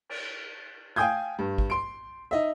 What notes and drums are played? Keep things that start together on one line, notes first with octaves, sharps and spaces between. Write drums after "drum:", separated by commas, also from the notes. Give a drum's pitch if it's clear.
drum: cymbal
F5 G5 G#5 D#6 G6 G#6
G2
drum: kick
C6 D7
D#4 D#5 E5